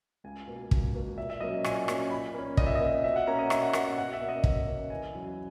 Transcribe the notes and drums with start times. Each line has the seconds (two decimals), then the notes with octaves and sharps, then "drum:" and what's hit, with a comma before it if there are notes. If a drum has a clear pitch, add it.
0.24 C#2 G#5
0.47 B2 A#3
0.71 C#2, drum: kick
0.94 B2 A#3
1.18 A#2 E5
1.30 E5
1.40 F#3 A#3 C#4 D#5
1.64 A#2 G#5, drum: rim click
1.88 F#3 A#3 C#4, drum: rim click
2.10 A#2 B5
2.34 A#3 C#4
2.57 A#2 D#5, drum: kick
2.66 E5
2.75 D#5
2.81 A#3 C#4
3.04 B2 E5
3.16 F#5
3.27 A#3 C#4 A#5
3.38 D#5
3.50 B2 E5, drum: rim click
3.62 F#5
3.73 A#3 C#4 F#5, drum: rim click
3.86 E5
3.98 B2 F#5
4.13 E5
4.21 A#3 C#4
4.29 D#5
4.44 B2 E5, drum: kick
4.67 A#3 C#4
4.90 E2 G#5
5.13 C#3 F#3